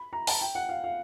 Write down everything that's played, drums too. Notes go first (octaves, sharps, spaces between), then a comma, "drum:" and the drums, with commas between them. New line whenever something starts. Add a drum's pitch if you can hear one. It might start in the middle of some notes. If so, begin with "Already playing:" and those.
Already playing: B5
A#5
A5, drum: open hi-hat
G5
F#5
F5
F5